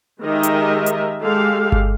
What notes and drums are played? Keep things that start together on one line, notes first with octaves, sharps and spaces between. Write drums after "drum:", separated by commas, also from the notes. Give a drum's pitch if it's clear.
D#3 G#3 G4 A#4 D#5 E5
drum: hi-hat
drum: hi-hat
G#3 G4 A4 F5
drum: kick G1